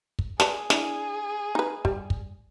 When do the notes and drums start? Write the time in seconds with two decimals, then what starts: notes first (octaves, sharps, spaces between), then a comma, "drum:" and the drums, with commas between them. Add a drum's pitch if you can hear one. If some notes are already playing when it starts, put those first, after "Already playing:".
0.19 drum: kick
0.40 G#4 B4 D5 A5, drum: snare
0.70 D4 E4, drum: snare
1.55 D#4 B4
1.85 G3, drum: kick
2.10 drum: kick